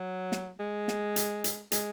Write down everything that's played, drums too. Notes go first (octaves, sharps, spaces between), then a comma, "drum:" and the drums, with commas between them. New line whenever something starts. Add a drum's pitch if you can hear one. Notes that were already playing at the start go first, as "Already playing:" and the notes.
Already playing: F#3
drum: snare
G#3
drum: snare
drum: hi-hat
drum: hi-hat
G#3, drum: hi-hat